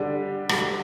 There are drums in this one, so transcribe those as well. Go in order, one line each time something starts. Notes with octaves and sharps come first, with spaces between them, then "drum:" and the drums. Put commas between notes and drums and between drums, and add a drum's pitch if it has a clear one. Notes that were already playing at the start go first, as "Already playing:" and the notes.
Already playing: D3 G3 D4 G4
D3 G3 D4 G4, drum: rim click